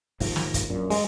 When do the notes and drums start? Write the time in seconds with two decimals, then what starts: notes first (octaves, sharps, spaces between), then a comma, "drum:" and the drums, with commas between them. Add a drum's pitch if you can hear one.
0.20 D#2 G#2 F3, drum: kick, open hi-hat
0.36 drum: snare
0.54 drum: kick, hi-hat
0.69 A#1 F#2 A#2
0.90 G#3, drum: open hi-hat